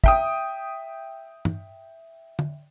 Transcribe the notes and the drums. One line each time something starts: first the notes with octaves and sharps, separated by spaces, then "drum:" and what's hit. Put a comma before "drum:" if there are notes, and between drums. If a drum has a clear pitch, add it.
E5 G5 D#6, drum: kick
drum: tom
drum: tom